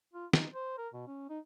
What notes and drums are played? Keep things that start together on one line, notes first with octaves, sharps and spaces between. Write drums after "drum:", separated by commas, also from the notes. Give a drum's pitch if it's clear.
F4
D#4, drum: snare
C5
A#4
B2
C#4
D#4